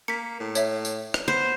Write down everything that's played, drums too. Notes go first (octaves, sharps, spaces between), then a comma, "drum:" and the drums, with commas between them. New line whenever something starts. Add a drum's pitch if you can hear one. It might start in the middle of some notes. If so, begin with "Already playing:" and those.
A#3 B6 C#7
A2
C#5 E5, drum: tambourine
drum: tambourine
drum: rim click
B3 C5